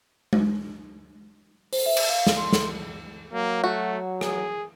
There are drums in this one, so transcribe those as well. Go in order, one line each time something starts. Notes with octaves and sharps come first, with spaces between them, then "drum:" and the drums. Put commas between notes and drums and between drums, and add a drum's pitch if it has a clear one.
drum: tom G#3
C5, drum: open hi-hat
E5
drum: cymbal
F5
drum: snare
C6
drum: snare
F#3 A#3
A3 F#4
G#4, drum: rim click